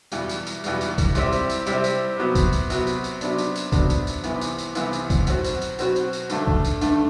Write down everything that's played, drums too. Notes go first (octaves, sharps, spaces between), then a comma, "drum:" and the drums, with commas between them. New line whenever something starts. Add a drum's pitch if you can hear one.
E2 B2 G3, drum: tambourine
drum: tambourine
drum: tambourine
E2 B2 G3, drum: tambourine
drum: tambourine
drum: kick, tambourine
C3 G3 C4 E4 G4, drum: tambourine
drum: tambourine
drum: tambourine
C3 G3 C4 E4 G4, drum: tambourine
drum: tambourine
C3 F#3 B3 F#4
drum: kick, tambourine
drum: tambourine
C3 F#3 B3 F#4, drum: tambourine
drum: tambourine
drum: tambourine
C3 F#3 B3 D4, drum: tambourine
drum: tambourine
drum: tambourine
C3 F#3 B3 D4, drum: kick, tambourine
drum: tambourine
drum: tambourine
C2 C3 E3 B3, drum: tambourine
drum: tambourine
drum: tambourine
C2 C3 E3 B3, drum: tambourine
drum: tambourine
drum: kick, tambourine
B2 F#3 C4 F#4, drum: tambourine
drum: tambourine
drum: tambourine
B2 F#3 C4 F#4, drum: tambourine
drum: tambourine
drum: tambourine
G2 D3 A3, drum: tambourine
drum: kick
drum: tambourine
G2 D3 A3, drum: tambourine